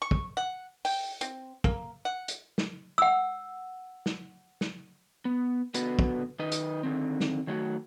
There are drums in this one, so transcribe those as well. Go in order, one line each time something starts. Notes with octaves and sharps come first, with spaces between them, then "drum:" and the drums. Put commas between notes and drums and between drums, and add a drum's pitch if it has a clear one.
C#6
drum: kick
F#5
G5, drum: open hi-hat
C4, drum: hi-hat
A#3, drum: kick
F#5
drum: hi-hat
drum: snare
F#5 E6
drum: snare
drum: snare
B3
D3 B3 F#4 B4, drum: hi-hat
drum: kick
D#3 D#4 B4 D#5
drum: hi-hat
D3 D#3 C4
drum: snare
D#3 F#3 A3 F#4